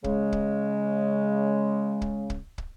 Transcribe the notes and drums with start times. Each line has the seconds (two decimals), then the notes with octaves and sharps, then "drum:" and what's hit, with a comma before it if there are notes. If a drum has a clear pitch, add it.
0.04 C#3 G#3, drum: kick
0.32 drum: kick
2.02 drum: kick
2.30 drum: kick
2.58 drum: kick